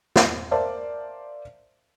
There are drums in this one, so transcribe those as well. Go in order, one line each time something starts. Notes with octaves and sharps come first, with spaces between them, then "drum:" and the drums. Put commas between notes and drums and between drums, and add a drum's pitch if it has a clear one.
drum: snare
A#4 C5 D5 E5 F5 A5